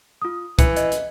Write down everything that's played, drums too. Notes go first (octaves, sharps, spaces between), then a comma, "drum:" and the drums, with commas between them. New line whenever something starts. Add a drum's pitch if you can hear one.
F4 D#6
E3 C#7, drum: kick, hi-hat
D#5, drum: hi-hat
drum: hi-hat